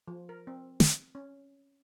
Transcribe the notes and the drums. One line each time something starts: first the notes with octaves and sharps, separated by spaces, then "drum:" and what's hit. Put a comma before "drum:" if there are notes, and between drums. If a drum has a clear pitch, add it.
F3
A#4
C4
drum: snare
C#4